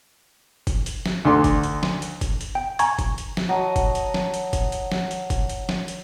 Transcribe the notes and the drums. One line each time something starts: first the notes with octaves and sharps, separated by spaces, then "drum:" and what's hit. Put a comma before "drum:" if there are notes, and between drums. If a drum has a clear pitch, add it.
drum: kick F#1, hi-hat
drum: hi-hat
drum: snare
D2 D3 C6 D6
drum: kick F#1, hi-hat
drum: hi-hat
drum: snare
drum: hi-hat
drum: kick F#1, hi-hat
drum: hi-hat
G5
G#5 A#5 C#6 G#6, drum: hi-hat
drum: kick F#1, hi-hat
drum: hi-hat
drum: snare
F#3 D#5 A5
drum: kick F#1, hi-hat
drum: hi-hat
drum: snare
drum: hi-hat
drum: kick F#1, hi-hat
drum: hi-hat
drum: snare
drum: hi-hat
drum: kick F#1, hi-hat
drum: hi-hat
drum: snare
drum: hi-hat